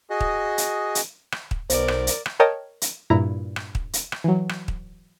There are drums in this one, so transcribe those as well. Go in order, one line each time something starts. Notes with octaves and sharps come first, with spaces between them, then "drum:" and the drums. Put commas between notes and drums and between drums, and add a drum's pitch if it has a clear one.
F#4 G#4 D#5
drum: kick
drum: hi-hat
drum: hi-hat
drum: rim click
drum: kick
B1 A#4 C5 D5, drum: hi-hat
drum: rim click
drum: hi-hat
drum: rim click
A#4 C#5 D#5 G5 A5 D#6
drum: hi-hat
G2 A#2 E4 A#5
drum: rim click
drum: kick
drum: hi-hat
drum: rim click
E3 F#3
drum: rim click
drum: kick